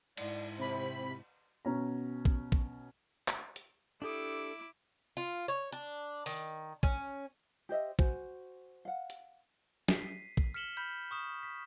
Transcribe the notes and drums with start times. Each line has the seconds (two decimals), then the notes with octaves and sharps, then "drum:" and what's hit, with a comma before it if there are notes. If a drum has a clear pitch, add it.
0.17 G#2 E4 D5, drum: cymbal
0.58 C3 C5 B5
1.65 B2 C#4 A#5
2.25 drum: kick
2.52 drum: kick
3.28 drum: clap
3.56 drum: hi-hat
4.02 D4 E4 G4 A4 D6 D#6
5.17 F4
5.48 C#5
5.72 D4
6.26 D#3, drum: open hi-hat
6.83 C#4, drum: kick
7.69 G4 C5 D#5 E5
7.99 F#4 C5 G#5, drum: kick
8.85 F5 F#5
9.10 drum: hi-hat
9.88 B6 C7 D#7, drum: snare
10.37 drum: kick
10.54 F6 B6 C#7 E7 F#7 G7
10.77 B5 F6 G6 B6
11.11 C#6 D#6 E7
11.43 B6